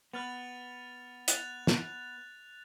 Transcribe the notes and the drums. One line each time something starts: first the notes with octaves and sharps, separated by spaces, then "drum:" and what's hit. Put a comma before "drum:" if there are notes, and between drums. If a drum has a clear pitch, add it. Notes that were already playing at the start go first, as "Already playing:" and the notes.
B3 B4 F6 A6 F7
F#6 A6 F7, drum: hi-hat
drum: snare